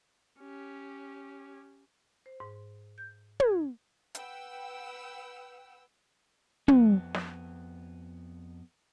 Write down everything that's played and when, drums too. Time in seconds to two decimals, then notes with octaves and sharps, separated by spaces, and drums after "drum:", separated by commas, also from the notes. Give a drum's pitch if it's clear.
0.40 C#4 G4
2.26 C5
2.40 G#2
2.98 G6
3.40 G#6, drum: tom
4.15 B4 F#5 G5 E6, drum: hi-hat
6.68 F2 B3, drum: tom
7.14 drum: snare